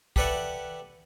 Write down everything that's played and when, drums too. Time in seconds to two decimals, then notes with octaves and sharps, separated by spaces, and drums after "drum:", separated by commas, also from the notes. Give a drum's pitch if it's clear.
0.16 G4 A4 B4 D5 E5 F#5, drum: kick